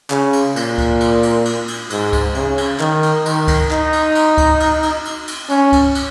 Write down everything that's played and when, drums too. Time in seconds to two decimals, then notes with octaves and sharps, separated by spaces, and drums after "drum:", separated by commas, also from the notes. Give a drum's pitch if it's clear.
0.10 C#3, drum: clap
0.33 drum: cymbal
0.56 A#2, drum: cymbal
0.78 drum: kick C#2, cymbal
1.00 drum: cymbal
1.23 drum: cymbal
1.45 drum: cymbal
1.68 drum: cymbal
1.90 G#2, drum: cymbal
2.13 drum: kick C#2, cymbal
2.35 C#3, drum: cymbal
2.58 drum: cymbal
2.80 D#3, drum: clap
3.03 drum: cymbal
3.26 D#3, drum: cymbal
3.48 drum: kick C#2, cymbal
3.71 D#4, drum: clap
3.93 drum: cymbal
4.15 drum: cymbal
4.38 drum: kick C#2, cymbal
4.60 drum: cymbal
4.83 drum: cymbal
5.05 drum: cymbal
5.28 drum: cymbal
5.49 C#4, drum: cymbal
5.72 drum: kick C#2, cymbal
5.95 drum: cymbal